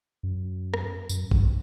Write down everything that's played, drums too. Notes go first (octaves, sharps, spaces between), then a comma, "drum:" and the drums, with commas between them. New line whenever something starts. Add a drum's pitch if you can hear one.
F#2
drum: rim click
F#2, drum: tambourine
G2, drum: kick